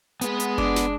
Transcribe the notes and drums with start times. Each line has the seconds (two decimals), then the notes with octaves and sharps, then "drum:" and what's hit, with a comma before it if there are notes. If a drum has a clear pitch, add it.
0.21 G#3 B3 B4, drum: hi-hat
0.40 drum: hi-hat
0.58 D4, drum: kick F#1
0.76 drum: snare